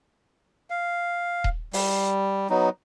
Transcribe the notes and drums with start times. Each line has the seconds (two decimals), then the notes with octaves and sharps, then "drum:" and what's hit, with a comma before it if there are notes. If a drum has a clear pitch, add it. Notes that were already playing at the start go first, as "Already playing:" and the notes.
0.70 F5
1.44 drum: kick D#1
1.73 G3, drum: open hi-hat
2.50 F#3 B3 D#4